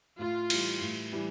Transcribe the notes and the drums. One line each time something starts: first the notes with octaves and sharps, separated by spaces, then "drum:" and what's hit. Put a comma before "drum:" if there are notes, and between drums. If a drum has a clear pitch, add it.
A2 F4
E3 G3, drum: cymbal
A2
E3 G3